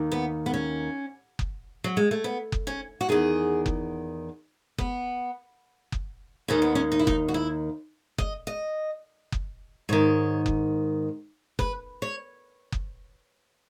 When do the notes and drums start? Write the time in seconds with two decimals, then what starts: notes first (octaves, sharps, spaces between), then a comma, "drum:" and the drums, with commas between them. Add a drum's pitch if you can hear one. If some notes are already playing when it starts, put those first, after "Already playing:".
Already playing: D#2 D#3
0.12 B3
0.46 B3
0.54 C#4
1.39 drum: kick F#1
1.84 F#3
1.97 G#3
2.11 A3
2.24 B3
2.52 drum: kick F#1
2.67 C#4
3.01 F#4
3.09 E2 D#3 G#4
3.66 drum: kick F#1
4.78 B3, drum: kick F#1
5.92 drum: kick F#1
6.48 D#2 D#3 C#4
6.62 B3
6.75 C#4
6.92 D#4
6.99 E4
7.07 D#4, drum: kick F#1
7.28 F#4
7.34 E4
8.18 D#5, drum: kick F#1
8.47 D#5
9.32 drum: kick F#1
9.89 G#2 D#3 C#5
10.46 drum: kick F#1
11.59 B4, drum: kick F#1
12.02 C#5
12.72 drum: kick F#1